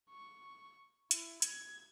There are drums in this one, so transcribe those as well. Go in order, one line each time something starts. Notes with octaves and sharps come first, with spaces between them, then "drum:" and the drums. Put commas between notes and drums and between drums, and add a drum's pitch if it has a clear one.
C#6
E4, drum: hi-hat
G#6, drum: hi-hat